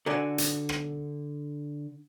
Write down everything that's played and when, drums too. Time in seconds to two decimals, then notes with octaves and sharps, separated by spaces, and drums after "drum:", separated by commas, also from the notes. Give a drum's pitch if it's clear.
0.06 D3 F#4 A4 D5 G#5
0.38 drum: hi-hat
0.69 drum: rim click